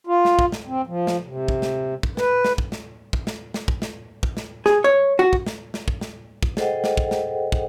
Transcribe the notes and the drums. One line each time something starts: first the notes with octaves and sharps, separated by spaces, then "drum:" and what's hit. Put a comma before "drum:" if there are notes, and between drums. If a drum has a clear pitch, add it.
F4
drum: snare
drum: kick
drum: snare
C4
F3
drum: snare
C3
drum: kick
drum: snare
drum: kick
B4, drum: snare
drum: snare
drum: kick
drum: snare
drum: kick
drum: snare
drum: snare
drum: kick
drum: snare
drum: kick
drum: snare
G#4, drum: snare
C#5
F#4
drum: kick
drum: snare
drum: snare
drum: kick
drum: snare
drum: kick
G#4 A4 C5 D#5 F#5 G5, drum: snare
drum: snare
drum: kick
drum: snare
drum: kick